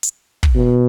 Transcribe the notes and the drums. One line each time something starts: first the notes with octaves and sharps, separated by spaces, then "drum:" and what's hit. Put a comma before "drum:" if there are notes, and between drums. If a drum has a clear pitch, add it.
drum: hi-hat
drum: kick
B2